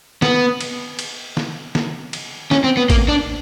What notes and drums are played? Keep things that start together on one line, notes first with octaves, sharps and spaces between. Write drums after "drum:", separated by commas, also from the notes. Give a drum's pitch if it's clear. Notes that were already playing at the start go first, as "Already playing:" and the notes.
B3, drum: snare
drum: cymbal
drum: cymbal
drum: snare
drum: snare
drum: cymbal
C#4, drum: snare
C4
B3
A#3, drum: kick, cymbal
D4